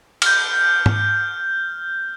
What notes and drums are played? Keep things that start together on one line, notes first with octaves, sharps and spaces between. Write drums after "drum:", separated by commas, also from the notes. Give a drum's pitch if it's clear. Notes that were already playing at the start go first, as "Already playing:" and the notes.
F6 G6, drum: cymbal
drum: tom G#2